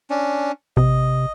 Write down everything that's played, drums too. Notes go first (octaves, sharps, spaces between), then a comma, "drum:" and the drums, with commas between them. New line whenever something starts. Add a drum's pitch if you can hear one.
C#4 D4
C3 D#5, drum: kick A1